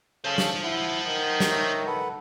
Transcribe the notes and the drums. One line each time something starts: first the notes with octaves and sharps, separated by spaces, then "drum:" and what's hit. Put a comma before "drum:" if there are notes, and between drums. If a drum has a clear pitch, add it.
C#3 A4 C5 A5
drum: snare
E4 F#5
D#3
drum: snare
C#5 E5 A#5
A4 B4 F#5